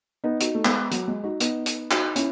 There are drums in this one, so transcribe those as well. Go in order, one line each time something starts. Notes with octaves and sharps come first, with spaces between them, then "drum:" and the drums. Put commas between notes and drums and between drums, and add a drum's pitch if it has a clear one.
B3 D#4
D#4 F#4, drum: hi-hat
A3
G#3 B3, drum: clap
F#3, drum: hi-hat
G#3
D#4 F#4
B3 D#4, drum: hi-hat
drum: hi-hat
D#4 F#4, drum: clap
C#4 E4, drum: hi-hat